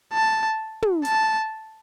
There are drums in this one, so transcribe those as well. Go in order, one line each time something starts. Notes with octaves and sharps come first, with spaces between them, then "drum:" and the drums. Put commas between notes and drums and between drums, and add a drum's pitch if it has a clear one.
A5
drum: tom
A5, drum: hi-hat